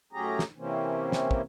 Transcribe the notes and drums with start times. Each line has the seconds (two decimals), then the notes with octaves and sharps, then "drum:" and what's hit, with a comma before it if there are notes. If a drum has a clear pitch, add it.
0.13 A2 F#3 C#4 G4 G#4 A#5
0.39 drum: snare
0.57 C3 E3 A#3 C4 C#4
1.12 drum: snare
1.31 drum: kick